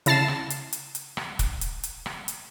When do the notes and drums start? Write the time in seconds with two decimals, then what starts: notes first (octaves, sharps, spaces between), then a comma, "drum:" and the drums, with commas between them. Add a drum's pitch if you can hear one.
0.06 C#3 E4 A5 A6 C7 E7, drum: hi-hat
0.28 drum: rim click
0.50 drum: hi-hat
0.73 drum: hi-hat
0.95 drum: hi-hat
1.17 drum: rim click
1.39 drum: kick, hi-hat
1.61 drum: hi-hat
1.83 drum: hi-hat
2.06 drum: rim click
2.28 drum: hi-hat